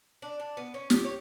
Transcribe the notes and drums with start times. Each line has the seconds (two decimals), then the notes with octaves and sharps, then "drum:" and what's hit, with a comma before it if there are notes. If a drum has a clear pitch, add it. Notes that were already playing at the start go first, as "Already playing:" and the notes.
0.22 D4
0.40 D4
0.57 B3
0.74 C#4
0.90 G4, drum: snare
1.04 C#5